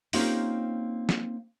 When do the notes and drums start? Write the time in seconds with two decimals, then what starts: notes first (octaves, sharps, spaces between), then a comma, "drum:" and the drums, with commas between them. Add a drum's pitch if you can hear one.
0.13 A#3 C4 C#4 D#4 F4 G4, drum: open hi-hat
1.09 drum: snare